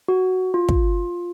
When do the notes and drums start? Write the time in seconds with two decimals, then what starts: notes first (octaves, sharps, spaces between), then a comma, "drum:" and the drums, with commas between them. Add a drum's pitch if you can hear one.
0.08 F#4
0.54 F4
0.69 drum: kick